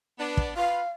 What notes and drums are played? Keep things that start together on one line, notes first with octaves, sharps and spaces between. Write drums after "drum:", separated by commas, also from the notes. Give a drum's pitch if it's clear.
B3 D4
drum: kick
F4 B4 F5